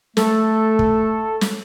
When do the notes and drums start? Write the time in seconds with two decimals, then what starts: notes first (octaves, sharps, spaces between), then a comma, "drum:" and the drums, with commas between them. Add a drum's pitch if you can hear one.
0.17 A3 A4, drum: snare
0.79 drum: kick
1.41 drum: snare